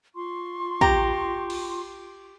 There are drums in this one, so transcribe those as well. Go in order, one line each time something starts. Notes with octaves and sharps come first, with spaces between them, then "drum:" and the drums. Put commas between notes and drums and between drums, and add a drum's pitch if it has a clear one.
F4 C6 C#6
G4 A#5, drum: kick
drum: cymbal